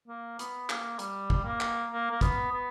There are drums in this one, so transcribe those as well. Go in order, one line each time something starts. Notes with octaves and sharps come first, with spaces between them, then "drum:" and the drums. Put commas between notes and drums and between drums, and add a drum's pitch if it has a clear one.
A#3
B3, drum: hi-hat
A#3, drum: clap
G3, drum: hi-hat
drum: kick
A#3
drum: clap
A#3
A#3
B3, drum: kick, hi-hat
B3